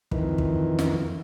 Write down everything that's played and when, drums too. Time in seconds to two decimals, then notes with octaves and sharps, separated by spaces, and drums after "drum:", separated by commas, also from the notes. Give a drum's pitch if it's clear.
0.11 F2 D#3 E3, drum: kick
0.38 drum: kick
0.79 drum: snare